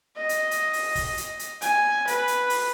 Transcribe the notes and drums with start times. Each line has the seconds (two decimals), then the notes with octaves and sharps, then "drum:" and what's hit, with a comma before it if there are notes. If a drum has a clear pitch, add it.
0.16 D#5
0.29 drum: hi-hat
0.51 drum: hi-hat
0.73 drum: open hi-hat
0.95 drum: kick, open hi-hat
1.17 drum: hi-hat
1.39 drum: hi-hat
1.61 G#5, drum: hi-hat
2.07 B4, drum: hi-hat
2.28 drum: hi-hat
2.50 drum: open hi-hat